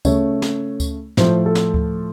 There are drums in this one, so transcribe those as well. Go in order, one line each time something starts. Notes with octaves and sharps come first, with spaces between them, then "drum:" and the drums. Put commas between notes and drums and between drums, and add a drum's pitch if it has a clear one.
C#3 A3 C#5, drum: kick D2, tambourine
drum: snare
drum: kick D2, tambourine
A2 F3 A3 C5, drum: snare
A4
drum: snare
drum: kick D2